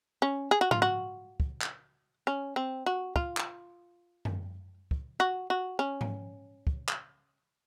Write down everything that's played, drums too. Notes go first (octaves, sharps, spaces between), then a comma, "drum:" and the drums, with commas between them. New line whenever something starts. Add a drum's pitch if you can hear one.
C#4
G#4
F#4
F4, drum: tom G#2
F#4
drum: kick
drum: clap
C#4
C4
F#4
F4, drum: kick
drum: clap
drum: tom
drum: kick
F#4
F#4
C#4
drum: tom G#2
drum: kick
drum: clap